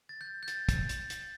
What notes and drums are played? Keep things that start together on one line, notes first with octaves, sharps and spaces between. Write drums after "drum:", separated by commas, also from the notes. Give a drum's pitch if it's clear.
A6
G6
G6
A6, drum: hi-hat
drum: kick, hi-hat
drum: hi-hat
drum: hi-hat